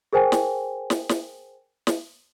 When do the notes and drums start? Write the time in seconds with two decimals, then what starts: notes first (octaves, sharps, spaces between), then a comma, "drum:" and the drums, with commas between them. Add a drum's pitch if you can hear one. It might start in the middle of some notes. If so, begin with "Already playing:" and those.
0.13 G#4 A#4 C5 G5 G#5
0.32 drum: snare
0.90 drum: snare
1.09 drum: snare
1.87 drum: snare